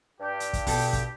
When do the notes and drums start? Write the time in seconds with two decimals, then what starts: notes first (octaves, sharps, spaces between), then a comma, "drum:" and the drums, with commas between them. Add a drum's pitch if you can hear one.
0.21 G2 G4
0.40 drum: hi-hat
0.53 drum: kick, hi-hat
0.67 B2 A4, drum: kick, open hi-hat
0.80 drum: hi-hat
0.93 drum: kick, hi-hat